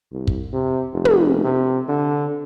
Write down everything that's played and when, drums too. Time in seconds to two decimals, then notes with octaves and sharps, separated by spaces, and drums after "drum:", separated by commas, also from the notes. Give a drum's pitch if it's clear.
0.13 C2
0.27 drum: kick
0.53 C3
0.93 F1
1.05 drum: tom
1.44 C3
1.89 D3